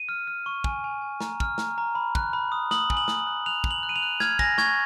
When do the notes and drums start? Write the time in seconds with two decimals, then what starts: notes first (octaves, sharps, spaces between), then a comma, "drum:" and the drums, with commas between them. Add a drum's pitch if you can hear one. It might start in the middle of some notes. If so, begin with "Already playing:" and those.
Already playing: D#7
0.09 F6
0.27 F6
0.46 C#6
0.64 G#5, drum: kick
0.84 G#5
1.02 G#5
1.21 A#5, drum: snare
1.40 F6, drum: kick
1.58 A#5, drum: snare
1.78 A#5
1.95 B5
2.15 F#6, drum: kick
2.33 B5
2.52 D#6
2.71 D#6 F#7, drum: snare
2.90 G#5, drum: kick
2.97 F#7
3.08 D#6, drum: snare
3.27 F#6
3.46 F#6 F7
3.64 D#6, drum: kick
3.71 F#7
3.83 F#6
3.89 D#7
3.96 F7
4.02 F#6
4.20 F6 G#6, drum: snare
4.39 G#5 A#6, drum: kick
4.58 C#6 G#6, drum: snare